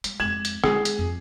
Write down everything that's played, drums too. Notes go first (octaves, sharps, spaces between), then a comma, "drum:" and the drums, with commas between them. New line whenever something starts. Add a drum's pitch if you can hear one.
G3, drum: hi-hat
F2 G#3 G#6 E7 F#7
drum: hi-hat
G#3 G#4, drum: rim click
drum: hi-hat
F2